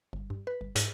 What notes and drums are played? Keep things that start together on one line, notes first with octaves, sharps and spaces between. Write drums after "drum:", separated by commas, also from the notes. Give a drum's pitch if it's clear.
G1
G2
B4
G1
G#2, drum: hi-hat